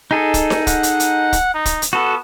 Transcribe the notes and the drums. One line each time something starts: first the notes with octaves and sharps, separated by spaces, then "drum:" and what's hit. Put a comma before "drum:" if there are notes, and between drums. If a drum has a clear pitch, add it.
D#4 G#4 A4
drum: kick, hi-hat
drum: snare D#4
F#5, drum: kick, hi-hat
drum: hi-hat
drum: hi-hat
drum: kick, hi-hat
D#4
drum: kick, hi-hat
drum: hi-hat
B3 F#4 A4